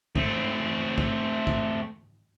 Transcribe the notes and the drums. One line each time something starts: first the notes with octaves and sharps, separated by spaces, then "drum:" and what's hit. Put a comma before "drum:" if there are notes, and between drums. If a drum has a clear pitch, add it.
A3 C4, drum: kick
drum: kick
drum: kick